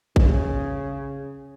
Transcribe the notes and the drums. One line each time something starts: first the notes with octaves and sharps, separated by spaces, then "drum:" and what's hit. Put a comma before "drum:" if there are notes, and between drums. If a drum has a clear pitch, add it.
C#3, drum: kick A1